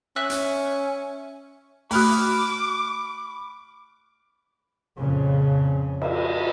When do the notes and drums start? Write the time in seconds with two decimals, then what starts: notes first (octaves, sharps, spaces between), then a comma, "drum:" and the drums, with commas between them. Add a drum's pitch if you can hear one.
0.16 C#4 E5 F#6
0.30 drum: hi-hat
1.91 A3 F#4 B5 D6 F6 F#6, drum: open hi-hat
4.97 F2 A#2 C#3
6.02 drum: cymbal